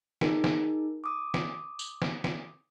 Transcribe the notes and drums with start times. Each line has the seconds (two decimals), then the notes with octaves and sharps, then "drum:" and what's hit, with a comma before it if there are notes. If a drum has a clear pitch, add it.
0.21 D#4 G#4 A#4, drum: snare
0.44 drum: snare
1.04 D6 D#6
1.34 drum: snare
1.79 drum: tambourine
2.02 drum: snare
2.24 drum: snare